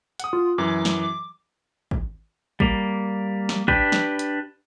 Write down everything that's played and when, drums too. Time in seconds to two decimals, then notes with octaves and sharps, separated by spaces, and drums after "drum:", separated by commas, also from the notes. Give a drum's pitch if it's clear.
0.20 F#5 D#6, drum: hi-hat
0.33 F4
0.58 F#2 E3 F#3 D6
0.85 drum: snare
1.91 drum: kick
2.60 G3 A#3, drum: kick
3.49 drum: snare
3.68 D4 G4 B4, drum: kick
3.92 drum: snare
4.19 drum: hi-hat